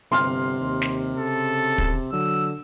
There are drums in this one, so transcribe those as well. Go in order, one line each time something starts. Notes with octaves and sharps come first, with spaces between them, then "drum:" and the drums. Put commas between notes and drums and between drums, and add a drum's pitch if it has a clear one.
G1 C3 C6 F6
D#2
drum: snare
C#3 A4
drum: kick
D3 F#3 E6